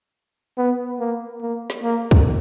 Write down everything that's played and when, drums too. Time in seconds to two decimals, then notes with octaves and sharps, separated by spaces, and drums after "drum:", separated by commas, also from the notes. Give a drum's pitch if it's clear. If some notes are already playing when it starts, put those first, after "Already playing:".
0.58 B3
0.99 A#3
1.41 A#3
1.70 drum: snare
1.83 A#3
2.11 drum: kick